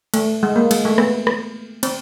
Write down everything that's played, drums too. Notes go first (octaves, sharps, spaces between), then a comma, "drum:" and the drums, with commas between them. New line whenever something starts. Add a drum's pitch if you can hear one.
A3, drum: cymbal
G#3
A#3
G#3, drum: cymbal
A3
B3, drum: rim click
drum: rim click
C4, drum: cymbal